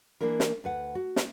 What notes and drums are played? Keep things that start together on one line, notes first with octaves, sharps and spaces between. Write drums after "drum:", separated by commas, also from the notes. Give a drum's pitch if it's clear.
E3 A#3 D4 E4 A#4
drum: snare
D2 B4 F#5
F#4
drum: snare